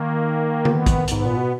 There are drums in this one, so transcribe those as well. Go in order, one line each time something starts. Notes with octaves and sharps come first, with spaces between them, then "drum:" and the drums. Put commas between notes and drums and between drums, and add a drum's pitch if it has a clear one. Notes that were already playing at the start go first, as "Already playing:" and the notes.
Already playing: D#3 A#3
B3, drum: tom D3
drum: kick, hi-hat
G#2 B3, drum: hi-hat
A#2
B2